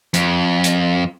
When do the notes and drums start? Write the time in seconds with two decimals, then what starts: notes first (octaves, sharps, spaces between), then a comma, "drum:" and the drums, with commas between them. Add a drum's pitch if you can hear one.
0.14 F2, drum: hi-hat
0.64 drum: hi-hat